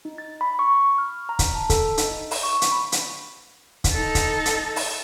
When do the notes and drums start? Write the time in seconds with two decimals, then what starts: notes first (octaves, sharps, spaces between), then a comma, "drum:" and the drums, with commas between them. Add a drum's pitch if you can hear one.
0.05 D#4
0.18 A6
0.41 B5
0.59 C#6
0.98 F6
1.29 A#5
1.39 drum: kick, hi-hat
1.55 A5
1.70 A4, drum: kick, hi-hat
1.97 D#4, drum: hi-hat
2.31 drum: open hi-hat
2.43 C#6
2.62 drum: hi-hat
2.72 B5
2.92 drum: hi-hat
3.84 drum: kick, hi-hat
3.93 D#4 A4
4.15 drum: kick, hi-hat
4.45 drum: hi-hat
4.76 drum: open hi-hat